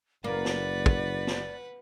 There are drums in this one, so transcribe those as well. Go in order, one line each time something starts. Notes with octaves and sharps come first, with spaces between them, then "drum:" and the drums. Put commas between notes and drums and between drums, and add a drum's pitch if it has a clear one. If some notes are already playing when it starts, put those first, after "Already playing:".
F#1 A#3 B4 D5 F#5
drum: snare
drum: kick
drum: snare